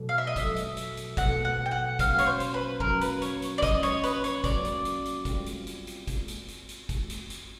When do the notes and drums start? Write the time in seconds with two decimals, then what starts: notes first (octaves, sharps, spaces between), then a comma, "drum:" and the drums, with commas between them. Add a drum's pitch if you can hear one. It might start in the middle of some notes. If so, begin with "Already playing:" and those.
Already playing: B2 F#3 A3 D4
0.09 F5
0.18 E5
0.27 D#5
0.36 B2 F#3 A3 D4 E5, drum: kick, hi-hat
0.56 drum: hi-hat
0.77 drum: hi-hat
0.97 drum: hi-hat
1.17 B2 F#3 A3 D4 F#5, drum: kick, hi-hat
1.45 F#5
1.66 G5
1.71 F#5
1.99 F#3 A#3 C#4 F#4 F5, drum: kick, hi-hat
2.18 C#5, drum: hi-hat
2.26 C5
2.40 drum: hi-hat
2.54 B4
2.80 F#3 A#3 C#4 F#4 A#4, drum: kick
3.01 B4, drum: hi-hat
3.22 C#5, drum: hi-hat
3.42 drum: hi-hat
3.58 D5
3.63 F#3 A#3 C#4 F#4 D#5, drum: kick, hi-hat
3.83 C#5, drum: hi-hat
4.04 B4, drum: hi-hat
4.24 C#5, drum: hi-hat
4.44 F#3 A#3 C#4 F#4 D5, drum: kick, hi-hat
4.65 drum: hi-hat
4.85 drum: hi-hat
5.05 drum: hi-hat
5.25 G3 C4 F4, drum: kick, hi-hat
5.46 drum: hi-hat
5.67 drum: hi-hat
5.87 drum: hi-hat
6.07 drum: kick, hi-hat
6.28 drum: hi-hat
6.48 drum: hi-hat
6.69 drum: hi-hat
6.89 drum: kick, hi-hat
7.10 drum: hi-hat
7.30 drum: hi-hat